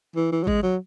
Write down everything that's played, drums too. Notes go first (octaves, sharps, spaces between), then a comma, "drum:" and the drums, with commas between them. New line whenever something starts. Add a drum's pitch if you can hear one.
E3
E3
F#3
G#3, drum: kick G#1
F#3